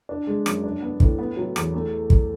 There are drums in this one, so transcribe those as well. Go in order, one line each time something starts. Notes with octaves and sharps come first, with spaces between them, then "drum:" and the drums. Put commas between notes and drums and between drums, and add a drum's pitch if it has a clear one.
D4
G#3
F#2, drum: rim click
D4
B3
A2, drum: kick
B3
F#3
E2, drum: rim click
A3
drum: kick